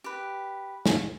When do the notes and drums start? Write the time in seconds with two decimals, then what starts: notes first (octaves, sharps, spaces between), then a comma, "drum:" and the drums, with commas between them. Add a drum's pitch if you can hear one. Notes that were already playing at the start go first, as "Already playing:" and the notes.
0.04 G4 B4
0.86 drum: snare